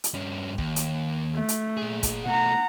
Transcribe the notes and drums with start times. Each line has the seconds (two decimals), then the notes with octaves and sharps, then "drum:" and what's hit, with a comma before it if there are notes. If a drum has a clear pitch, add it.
0.04 drum: hi-hat
0.14 G2 C#4
0.58 D#2, drum: kick
0.76 drum: hi-hat
1.34 A3
1.48 drum: hi-hat
1.77 A#2 G#4
2.03 drum: kick, hi-hat
2.25 B2 A3 F#5 A#5